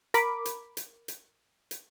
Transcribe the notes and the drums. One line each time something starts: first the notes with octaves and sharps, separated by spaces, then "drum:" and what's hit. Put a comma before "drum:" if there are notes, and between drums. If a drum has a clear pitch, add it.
A#4 B5 D6, drum: hi-hat
drum: hi-hat
drum: hi-hat
drum: hi-hat
drum: hi-hat